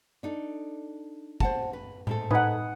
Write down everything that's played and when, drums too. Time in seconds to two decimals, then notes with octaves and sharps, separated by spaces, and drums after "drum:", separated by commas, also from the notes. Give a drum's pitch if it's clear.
0.23 D4 D#4 A4
1.40 C5 F#5 A5, drum: kick
1.73 B4
2.07 G#2 A3 A4, drum: tom A2
2.31 D#4 B4 F#5 G#5 D#6, drum: tom A2